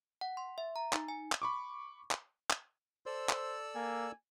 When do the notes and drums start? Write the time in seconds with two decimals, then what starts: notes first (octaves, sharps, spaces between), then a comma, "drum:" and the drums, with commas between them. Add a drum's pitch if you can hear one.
0.21 F#5
0.37 C6
0.58 E5
0.76 A#5
0.93 D#4, drum: clap
1.08 G#5
1.32 drum: clap
1.42 B5 C#6 D6
2.11 drum: clap
2.50 drum: clap
3.06 A4 C5 D5 E6
3.29 drum: clap
3.75 A#3 G#5